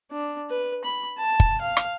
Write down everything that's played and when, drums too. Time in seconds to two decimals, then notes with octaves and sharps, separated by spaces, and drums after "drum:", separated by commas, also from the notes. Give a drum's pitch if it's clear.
0.11 D4
0.50 B4
0.84 B5
1.18 A5
1.40 drum: kick
1.61 F5
1.77 drum: rim click